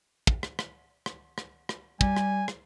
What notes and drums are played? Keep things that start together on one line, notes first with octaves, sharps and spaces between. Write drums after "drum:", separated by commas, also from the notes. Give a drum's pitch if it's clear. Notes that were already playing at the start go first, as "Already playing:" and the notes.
drum: kick
drum: rim click
drum: rim click
drum: rim click
drum: rim click
drum: rim click
G3 G#5, drum: kick
drum: rim click
drum: rim click